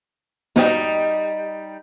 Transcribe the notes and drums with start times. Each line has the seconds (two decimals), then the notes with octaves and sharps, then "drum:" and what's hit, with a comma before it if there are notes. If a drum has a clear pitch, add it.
0.56 G3 D#4, drum: snare